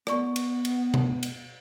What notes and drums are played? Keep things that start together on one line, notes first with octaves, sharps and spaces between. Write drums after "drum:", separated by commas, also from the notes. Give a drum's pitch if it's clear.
B3 D5 C#6, drum: rim click
drum: cymbal
drum: cymbal
drum: tom B2
drum: cymbal